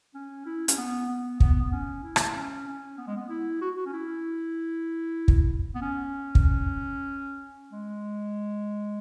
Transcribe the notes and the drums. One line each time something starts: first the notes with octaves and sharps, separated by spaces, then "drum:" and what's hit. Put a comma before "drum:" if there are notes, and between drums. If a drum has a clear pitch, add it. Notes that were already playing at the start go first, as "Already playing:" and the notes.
C#4
E4
C#4, drum: hi-hat
B3
B3
B3, drum: kick
B3
C#4
E4
drum: rim click
C#4
C#4
B3
G#3
B3
E4
F#4
F#4
C#4
E4
drum: kick
B3
C#4
drum: kick
G#3